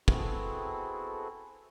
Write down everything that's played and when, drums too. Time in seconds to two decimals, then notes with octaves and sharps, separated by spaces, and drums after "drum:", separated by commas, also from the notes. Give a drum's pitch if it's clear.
0.08 B3 C4 E4 F#4 G#4 A4, drum: kick